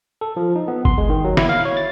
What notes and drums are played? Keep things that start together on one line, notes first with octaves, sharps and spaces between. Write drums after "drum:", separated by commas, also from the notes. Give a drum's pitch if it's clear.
A4
F3
D#4
B3
C6, drum: kick F#1
G#3
D#3
F#3
E4, drum: snare
F5
C#5
A6